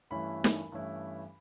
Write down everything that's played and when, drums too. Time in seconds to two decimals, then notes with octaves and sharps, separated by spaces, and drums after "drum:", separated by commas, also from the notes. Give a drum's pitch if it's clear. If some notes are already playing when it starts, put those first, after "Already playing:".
0.10 G2 E3 A3 C#4 E4 B5
0.44 drum: snare
0.72 G2 E3 A3 C#4 E4